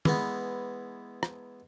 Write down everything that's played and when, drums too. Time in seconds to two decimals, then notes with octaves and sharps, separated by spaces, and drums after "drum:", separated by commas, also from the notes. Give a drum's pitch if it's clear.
0.05 E3 G#3 B3, drum: tom
1.23 drum: rim click